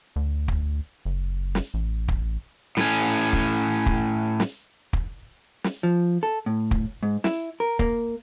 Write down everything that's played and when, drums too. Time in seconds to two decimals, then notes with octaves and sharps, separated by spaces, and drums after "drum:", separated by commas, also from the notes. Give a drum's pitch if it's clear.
0.16 D2
0.48 drum: kick
1.05 F#1
1.55 drum: snare
1.74 A1
2.08 drum: kick
2.77 A2 C#4, drum: snare
3.33 drum: kick
3.86 drum: kick
4.40 drum: snare
4.93 drum: kick
5.64 drum: snare
5.83 F3
6.23 A4
6.46 A2
6.71 drum: kick
7.03 G#2
7.24 E4, drum: snare
7.60 A#4
7.79 A#3, drum: kick